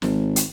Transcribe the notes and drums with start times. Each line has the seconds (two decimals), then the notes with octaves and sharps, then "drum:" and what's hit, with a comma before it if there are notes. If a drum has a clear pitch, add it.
0.02 G#1, drum: snare
0.36 drum: hi-hat